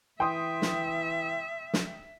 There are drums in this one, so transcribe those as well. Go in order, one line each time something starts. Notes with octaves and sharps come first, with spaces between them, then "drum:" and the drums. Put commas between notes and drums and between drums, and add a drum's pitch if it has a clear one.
E3 E5 G5 C6 D#6
drum: snare
drum: snare